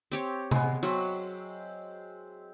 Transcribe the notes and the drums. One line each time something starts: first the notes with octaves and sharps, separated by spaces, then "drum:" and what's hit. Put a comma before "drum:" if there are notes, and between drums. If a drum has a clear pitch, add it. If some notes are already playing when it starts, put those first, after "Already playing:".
C4 G4 C#5, drum: hi-hat
G#3 B3, drum: tom C3
F#3 C4 E5, drum: open hi-hat